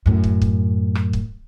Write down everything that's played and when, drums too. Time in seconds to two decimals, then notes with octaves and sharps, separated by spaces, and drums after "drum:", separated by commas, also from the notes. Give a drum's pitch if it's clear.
0.06 F#2 A2
0.24 drum: kick
0.42 drum: kick
0.95 drum: rim click
1.13 drum: kick